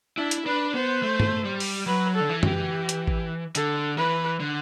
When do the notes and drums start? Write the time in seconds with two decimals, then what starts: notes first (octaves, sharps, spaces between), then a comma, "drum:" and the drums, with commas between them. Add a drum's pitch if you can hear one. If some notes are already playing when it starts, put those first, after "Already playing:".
0.18 D4 E4
0.31 drum: hi-hat
0.46 D4 B4
0.74 B3 C5
1.03 A3
1.20 drum: tom G2
1.45 G3
1.60 drum: open hi-hat
1.86 F#3 B4
2.15 A4
2.21 D3
2.29 E3
2.43 G4, drum: tom
2.89 drum: hi-hat
3.07 drum: kick
3.55 D3 A4, drum: hi-hat
3.98 E3 B4
4.40 D3